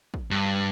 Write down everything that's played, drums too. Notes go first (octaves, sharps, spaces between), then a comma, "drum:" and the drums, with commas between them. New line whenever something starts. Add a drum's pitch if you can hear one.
drum: kick
G2